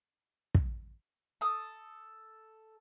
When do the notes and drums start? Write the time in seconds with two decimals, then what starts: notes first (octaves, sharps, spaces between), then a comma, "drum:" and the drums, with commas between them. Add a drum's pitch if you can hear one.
0.55 drum: kick
1.41 A4 D#6